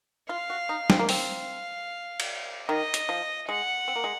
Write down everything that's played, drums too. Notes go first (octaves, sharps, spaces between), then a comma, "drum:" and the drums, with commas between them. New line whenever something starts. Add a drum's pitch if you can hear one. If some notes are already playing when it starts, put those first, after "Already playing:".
F4 F5
F#4
D#4
C4, drum: snare
A#3
C4 F5, drum: open hi-hat
drum: cymbal
D#3 D#5
drum: hi-hat
F3
G#3 F#5
C4
A#3
G#3